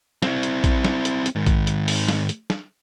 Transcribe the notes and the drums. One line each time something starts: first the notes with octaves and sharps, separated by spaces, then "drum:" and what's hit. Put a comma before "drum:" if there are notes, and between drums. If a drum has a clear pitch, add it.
C4 E4, drum: snare
drum: hi-hat
drum: kick A#1, hi-hat
drum: snare
drum: hi-hat
drum: hi-hat
G#2 D#3
drum: kick A#1, hi-hat
drum: hi-hat
drum: open hi-hat
drum: snare
drum: hi-hat
drum: snare